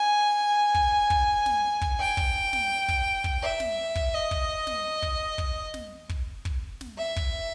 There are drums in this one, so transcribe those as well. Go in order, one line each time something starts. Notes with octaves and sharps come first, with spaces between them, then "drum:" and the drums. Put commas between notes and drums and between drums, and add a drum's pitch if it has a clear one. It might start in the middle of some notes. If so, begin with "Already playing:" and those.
Already playing: G#5
drum: kick
drum: kick
drum: snare
drum: kick
G5
drum: kick
drum: snare
drum: kick
drum: kick
E5
drum: snare
drum: kick
D#5
drum: kick
drum: snare
drum: kick
drum: kick
drum: snare
drum: kick
drum: kick
drum: snare
E5
drum: kick